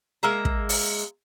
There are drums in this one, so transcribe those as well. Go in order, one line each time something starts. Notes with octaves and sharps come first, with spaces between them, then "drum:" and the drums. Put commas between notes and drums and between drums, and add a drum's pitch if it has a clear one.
G#3 A#3 E5 A#5
drum: kick
drum: open hi-hat